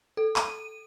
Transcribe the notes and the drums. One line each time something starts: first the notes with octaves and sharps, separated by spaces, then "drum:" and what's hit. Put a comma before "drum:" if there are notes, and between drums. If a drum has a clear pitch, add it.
A4
D#7, drum: clap